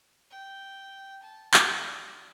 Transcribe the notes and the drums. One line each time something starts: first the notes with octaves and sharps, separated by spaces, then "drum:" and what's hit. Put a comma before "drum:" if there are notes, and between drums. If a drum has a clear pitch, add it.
G5
A5
G5, drum: clap
D5